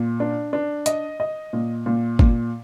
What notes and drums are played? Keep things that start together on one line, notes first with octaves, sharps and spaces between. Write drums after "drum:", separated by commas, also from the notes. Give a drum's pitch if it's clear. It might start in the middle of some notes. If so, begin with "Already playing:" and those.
Already playing: A#2
D4
D4
D#5, drum: hi-hat
D#5
A#2
A#2
A#2, drum: kick